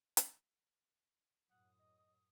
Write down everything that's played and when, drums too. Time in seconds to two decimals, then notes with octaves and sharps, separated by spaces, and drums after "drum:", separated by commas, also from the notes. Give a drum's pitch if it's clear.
0.17 drum: hi-hat
1.50 F#2 A2 F#5 D#6
1.79 D#5